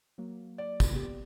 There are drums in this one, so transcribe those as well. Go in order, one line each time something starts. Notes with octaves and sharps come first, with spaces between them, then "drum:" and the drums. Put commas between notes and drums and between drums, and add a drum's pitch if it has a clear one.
F#3 A#3 F#4
D5
drum: kick, tambourine
B3 G4